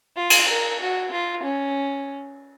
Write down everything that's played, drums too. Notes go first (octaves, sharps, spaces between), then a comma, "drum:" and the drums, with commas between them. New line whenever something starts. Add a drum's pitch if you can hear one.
F4
drum: cymbal
A#4
F#4
F4
C#4